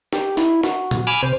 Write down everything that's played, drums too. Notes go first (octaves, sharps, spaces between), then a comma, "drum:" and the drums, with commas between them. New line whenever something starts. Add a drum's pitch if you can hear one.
G4, drum: snare
E4, drum: snare
F#4, drum: snare
drum: tom A#2
G#5 B5 D6 E6 F6
C3 C5